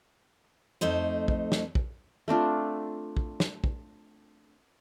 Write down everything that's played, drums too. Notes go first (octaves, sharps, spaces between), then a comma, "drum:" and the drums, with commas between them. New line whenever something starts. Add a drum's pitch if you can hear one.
F2 A3 D#4 C5
drum: kick
drum: snare
drum: kick
A3 C4 D4 F4
drum: kick
drum: snare
drum: kick